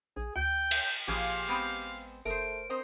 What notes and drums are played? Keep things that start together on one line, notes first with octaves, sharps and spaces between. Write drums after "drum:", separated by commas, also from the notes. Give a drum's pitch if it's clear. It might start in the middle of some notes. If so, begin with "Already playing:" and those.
A#1 G#4
D2 G5 G6
drum: cymbal
A1 A#2 F3 G4 G#4 F5
G#3 B3 C4
F#1 A3 A#4 C5 D7
C4 A#4 C5 D#5